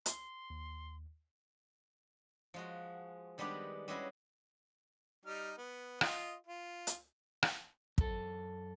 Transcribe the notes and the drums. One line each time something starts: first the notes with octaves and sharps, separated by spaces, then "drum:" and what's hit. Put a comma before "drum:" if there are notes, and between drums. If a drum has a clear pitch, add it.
C6, drum: hi-hat
D#2
F3 G#3 F#4
D#3 G3 G#3 B3 D4 G4
G3 G#3 C#4 E4 F#4 G#4
G3 D#4 F6
B3
F4 D#5, drum: rim click
F4
drum: hi-hat
drum: rim click
F#2 A4, drum: kick